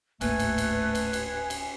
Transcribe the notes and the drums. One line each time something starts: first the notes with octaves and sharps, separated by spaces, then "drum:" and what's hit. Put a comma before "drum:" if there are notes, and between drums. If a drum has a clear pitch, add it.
D1 G#1 A3 A#3 B4 G#5, drum: cymbal
drum: cymbal
drum: cymbal
drum: cymbal
drum: cymbal
drum: cymbal